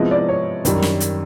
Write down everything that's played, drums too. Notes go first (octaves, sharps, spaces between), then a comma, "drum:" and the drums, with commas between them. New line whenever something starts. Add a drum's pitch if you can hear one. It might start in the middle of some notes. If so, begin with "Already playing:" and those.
Already playing: C3 F3 G#3 B3 E4 D#5
D5
C#5
F#2 D#3 G3, drum: kick, hi-hat
drum: snare
drum: hi-hat